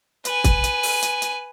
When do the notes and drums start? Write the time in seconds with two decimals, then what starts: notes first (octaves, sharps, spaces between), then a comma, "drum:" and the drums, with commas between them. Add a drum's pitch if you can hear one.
0.25 B4 G#5, drum: hi-hat
0.44 drum: kick, hi-hat
0.64 drum: hi-hat
0.83 drum: open hi-hat
1.02 drum: hi-hat
1.22 drum: hi-hat